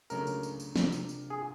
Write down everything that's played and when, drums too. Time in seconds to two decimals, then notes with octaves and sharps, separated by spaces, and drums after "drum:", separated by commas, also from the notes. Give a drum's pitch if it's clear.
0.10 C#2 C#3 F#3 A3 D4 A#4, drum: tambourine
0.27 drum: tambourine
0.43 drum: tambourine
0.60 drum: tambourine
0.76 C3 F3 A#3 D4, drum: snare
0.92 drum: tambourine
1.09 drum: tambourine
1.30 G#4